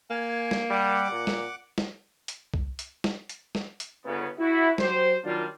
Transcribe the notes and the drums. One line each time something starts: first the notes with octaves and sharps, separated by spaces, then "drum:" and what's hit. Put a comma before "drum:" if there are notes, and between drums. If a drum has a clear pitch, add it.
A#3 G#5
drum: snare
G3 F#5 D6
A#2
drum: snare
drum: snare
drum: hi-hat
drum: kick C2
drum: hi-hat
drum: snare
drum: hi-hat
drum: snare
drum: hi-hat
G1 C#3 B3
E4 F#4
F#3 G4 C5, drum: snare
D#3 F#3 G3 A#3 D4 F4